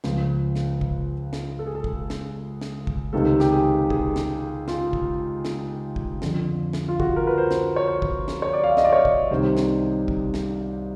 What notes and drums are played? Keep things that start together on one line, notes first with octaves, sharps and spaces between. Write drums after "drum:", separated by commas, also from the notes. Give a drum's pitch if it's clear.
C#2 C#3 F3, drum: snare
drum: snare
drum: kick
drum: snare
A4
G#4
A4
drum: kick
drum: snare
drum: snare
drum: kick
C#2 C3 D#3 A4
G4, drum: snare
G#4
G#4, drum: kick
drum: snare
F4, drum: snare
drum: kick
F4, drum: snare
drum: kick
F2 D3 F3, drum: snare
drum: snare
F4
F#4, drum: kick
A#4
B4
C5
drum: snare
C#5
drum: kick
drum: snare
C#5
D5
F5
E5
D#5, drum: snare
D5
C#5
drum: kick
C2 C3 D#3 C5
drum: snare
drum: kick
drum: snare